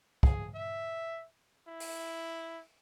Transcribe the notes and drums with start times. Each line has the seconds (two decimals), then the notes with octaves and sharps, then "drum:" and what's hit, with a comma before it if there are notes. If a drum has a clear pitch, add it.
0.23 G#4, drum: kick
0.55 E5
1.68 E4
1.80 drum: open hi-hat